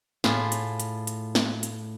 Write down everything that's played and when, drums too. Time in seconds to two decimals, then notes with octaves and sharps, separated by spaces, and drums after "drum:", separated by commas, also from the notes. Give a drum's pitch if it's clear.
0.24 A2 F4 G#4, drum: snare
0.52 drum: hi-hat
0.80 drum: hi-hat
1.07 drum: hi-hat
1.35 drum: snare
1.63 drum: hi-hat